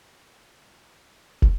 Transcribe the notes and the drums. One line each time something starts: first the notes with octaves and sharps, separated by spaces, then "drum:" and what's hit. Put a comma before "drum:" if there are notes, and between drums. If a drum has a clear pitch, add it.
F3 C4 C#6
drum: kick